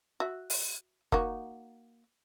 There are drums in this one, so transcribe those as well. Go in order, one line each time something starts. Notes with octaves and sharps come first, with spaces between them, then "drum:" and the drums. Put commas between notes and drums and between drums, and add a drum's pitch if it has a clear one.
F#4 E5
drum: open hi-hat
A#3 D#4 F#4, drum: kick F#1